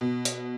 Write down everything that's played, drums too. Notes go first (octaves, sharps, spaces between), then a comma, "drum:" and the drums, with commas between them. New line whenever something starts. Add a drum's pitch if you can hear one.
B2
drum: hi-hat